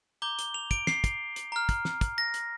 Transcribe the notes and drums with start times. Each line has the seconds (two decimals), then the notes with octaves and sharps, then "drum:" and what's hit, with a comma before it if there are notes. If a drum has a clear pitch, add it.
0.22 A#5 D6 G6 G7
0.39 G7, drum: hi-hat
0.54 F7
0.71 D7, drum: kick, hi-hat
0.87 C7, drum: snare
1.04 drum: kick, hi-hat
1.36 drum: hi-hat
1.52 A#5 F6
1.69 drum: kick, hi-hat
1.85 drum: snare
2.01 drum: kick, hi-hat
2.18 A#6
2.34 drum: hi-hat